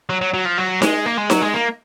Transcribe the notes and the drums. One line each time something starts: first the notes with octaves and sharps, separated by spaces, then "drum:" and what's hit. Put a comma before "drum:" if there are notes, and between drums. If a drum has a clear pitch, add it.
F#3
F#3
F#3
F3
F#3
G#3, drum: snare D#4
A#3
G#3
F#3, drum: snare D#4
G#3
A#3